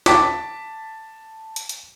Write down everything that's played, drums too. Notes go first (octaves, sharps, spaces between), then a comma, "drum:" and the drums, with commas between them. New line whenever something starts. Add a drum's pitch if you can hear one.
A5 D6 B6, drum: snare
drum: hi-hat
drum: hi-hat